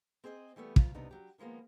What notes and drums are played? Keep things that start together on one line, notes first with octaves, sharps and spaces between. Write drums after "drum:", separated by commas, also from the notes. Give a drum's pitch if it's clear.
C4 G#4 C5 D#5
E3 G3 A3 B3
D2 F4, drum: kick
C3 G3 B3 D4 D#4
F#3 G4
D#3 F3 G#3 A#3 B3